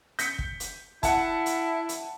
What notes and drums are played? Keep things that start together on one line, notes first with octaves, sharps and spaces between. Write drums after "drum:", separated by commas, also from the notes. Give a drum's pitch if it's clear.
G6 B6 C#7, drum: hi-hat
drum: kick
drum: hi-hat
E4 F#5 A5, drum: kick, hi-hat
drum: hi-hat
drum: hi-hat